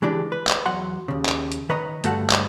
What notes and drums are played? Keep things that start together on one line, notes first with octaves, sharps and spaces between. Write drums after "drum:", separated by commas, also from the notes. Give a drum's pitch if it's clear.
C#3 E3 G#3 D4 G4
B4
drum: clap
E2 F#3 F#5 C6
D#2 C#3
drum: clap
drum: hi-hat
D#3 B4 C#5 D#5 A#5 B5
G2 D3 A3 F#4 A4 F#5, drum: hi-hat
drum: clap